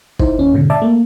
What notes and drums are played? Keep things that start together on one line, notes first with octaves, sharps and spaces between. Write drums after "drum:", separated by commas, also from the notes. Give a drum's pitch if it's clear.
D#4 E4 C5, drum: kick
D#2 C#4
G#2 B2 D3
D5 E5 A5 D6
A3 A#3